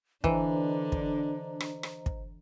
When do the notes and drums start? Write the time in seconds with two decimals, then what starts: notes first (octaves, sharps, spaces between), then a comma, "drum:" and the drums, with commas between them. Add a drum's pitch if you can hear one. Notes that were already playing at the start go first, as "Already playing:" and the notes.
0.24 D3 E3 D4 C5 D#5 A#5, drum: kick
0.92 drum: kick
1.60 drum: rim click
1.83 drum: rim click
2.06 drum: kick